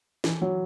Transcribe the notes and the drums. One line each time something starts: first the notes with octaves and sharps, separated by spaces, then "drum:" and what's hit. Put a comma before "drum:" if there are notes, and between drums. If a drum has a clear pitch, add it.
E3, drum: snare
F#3